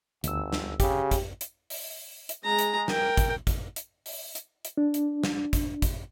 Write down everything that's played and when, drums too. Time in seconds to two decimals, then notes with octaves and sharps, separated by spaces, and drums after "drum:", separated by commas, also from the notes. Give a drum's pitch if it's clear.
0.24 G1 D2 E6, drum: hi-hat
0.53 drum: snare
0.80 C#3 G4, drum: kick, hi-hat
1.11 drum: kick, hi-hat
1.41 drum: hi-hat
1.70 drum: open hi-hat
2.29 drum: hi-hat
2.44 G#3 A#5
2.59 drum: hi-hat
2.88 A#4 G5, drum: snare
3.17 drum: kick, hi-hat
3.47 drum: kick, hi-hat
3.76 drum: hi-hat
4.06 drum: open hi-hat
4.35 drum: hi-hat
4.65 drum: hi-hat
4.77 D4
4.94 drum: hi-hat
5.24 drum: snare
5.53 drum: kick, hi-hat
5.82 drum: kick, hi-hat